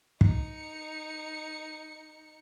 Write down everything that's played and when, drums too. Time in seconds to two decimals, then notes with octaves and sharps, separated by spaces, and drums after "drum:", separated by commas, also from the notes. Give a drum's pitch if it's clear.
0.21 D#4 C#7, drum: kick